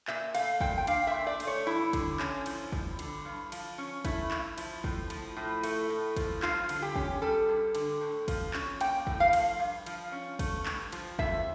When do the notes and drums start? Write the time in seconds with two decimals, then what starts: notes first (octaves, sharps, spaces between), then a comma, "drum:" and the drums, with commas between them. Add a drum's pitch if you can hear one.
0.08 A#2 E5, drum: clap
0.34 A3 F5, drum: cymbal
0.61 A#2 G5, drum: kick
0.78 G5
0.87 D4 F5, drum: cymbal
1.07 E5
1.14 A#2
1.27 D5
1.40 A3, drum: cymbal
1.47 C#5
1.67 G2 E4
1.93 D3, drum: kick, cymbal
2.20 C#4, drum: clap
2.46 F3, drum: cymbal
2.72 G2, drum: kick
2.99 D3, drum: cymbal
3.25 G2
3.52 F3, drum: cymbal
3.78 C#4
4.05 A3 E4, drum: kick, cymbal
4.31 G2, drum: clap
4.58 F3, drum: cymbal
4.84 A2, drum: kick
5.10 F3, drum: cymbal
5.37 A2
5.63 A3, drum: cymbal
5.89 A2
6.16 F3, drum: kick, cymbal
6.42 G2 F4, drum: clap
6.69 D3, drum: cymbal
6.82 G4
6.95 C#4, drum: kick
7.22 G3 A4
7.49 G2
7.75 D3, drum: cymbal
8.01 A2
8.28 F3, drum: kick, cymbal
8.54 C#4, drum: clap
8.81 A#3 G5, drum: cymbal
9.07 A2, drum: kick
9.20 F5
9.33 F3, drum: cymbal
9.60 G2
9.86 F3, drum: cymbal
10.12 C#4
10.39 A3, drum: kick, cymbal
10.66 G2, drum: clap
10.92 F3, drum: cymbal
11.19 F2 E5, drum: kick